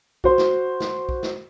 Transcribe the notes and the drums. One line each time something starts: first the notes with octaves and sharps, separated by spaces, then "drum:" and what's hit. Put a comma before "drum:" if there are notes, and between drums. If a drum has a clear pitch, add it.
F#4 C5, drum: kick
drum: snare
drum: snare
drum: kick
drum: snare